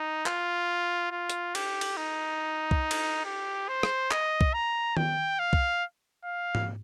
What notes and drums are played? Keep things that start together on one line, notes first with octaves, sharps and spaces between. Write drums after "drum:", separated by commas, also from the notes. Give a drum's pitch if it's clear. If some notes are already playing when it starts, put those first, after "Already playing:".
Already playing: D#4
F4, drum: clap
F4
drum: hi-hat
G4, drum: cymbal
drum: cymbal
D#4
drum: kick
drum: cymbal
G4
C5
drum: rim click
D#5, drum: clap
drum: kick
A#5
G5, drum: tom D#3
F5
drum: kick
F5
drum: tom G#2